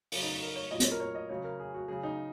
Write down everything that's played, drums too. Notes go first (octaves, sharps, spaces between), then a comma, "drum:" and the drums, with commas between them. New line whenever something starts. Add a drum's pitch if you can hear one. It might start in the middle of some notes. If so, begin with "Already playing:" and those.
C#3 F#3 F#4, drum: open hi-hat
D#4
F#4
A#4
C#5
A#2 F#3 D#5
C#5, drum: hi-hat
A#4
C#5
D#5
C#3 F#3 C#5
A#4
G#4
F#4
C#3 F#3 G#4
D#4